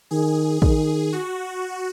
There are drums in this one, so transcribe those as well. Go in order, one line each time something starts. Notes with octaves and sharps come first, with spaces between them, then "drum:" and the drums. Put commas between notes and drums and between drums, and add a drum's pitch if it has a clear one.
D#3 G#4
D#3 G#4, drum: kick
F#4